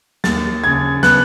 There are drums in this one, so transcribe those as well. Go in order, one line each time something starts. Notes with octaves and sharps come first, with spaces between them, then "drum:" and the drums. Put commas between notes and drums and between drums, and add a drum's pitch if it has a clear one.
D#2 A6, drum: snare
C#3 G#6
B3 F#6, drum: snare